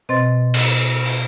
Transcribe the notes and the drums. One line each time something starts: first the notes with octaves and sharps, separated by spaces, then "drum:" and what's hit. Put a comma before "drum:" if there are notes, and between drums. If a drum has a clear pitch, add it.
B2 C4 C5 D#5 C6 A6
drum: cymbal
drum: hi-hat